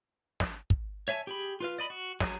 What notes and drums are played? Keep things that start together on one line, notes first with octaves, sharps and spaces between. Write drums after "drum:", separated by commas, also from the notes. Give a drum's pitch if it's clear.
drum: snare
drum: kick
C#5 E5 G#5 A5
G4 G#4 B5
F4 B4 F5
D5 D#5 B5
F#4
F#3 G#4, drum: snare